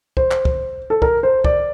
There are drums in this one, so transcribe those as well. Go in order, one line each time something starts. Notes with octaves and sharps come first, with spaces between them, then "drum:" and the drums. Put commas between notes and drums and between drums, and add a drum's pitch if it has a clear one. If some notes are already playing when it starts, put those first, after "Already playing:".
C5, drum: kick
drum: clap
drum: kick
A4
A#4, drum: kick
C5
D5, drum: kick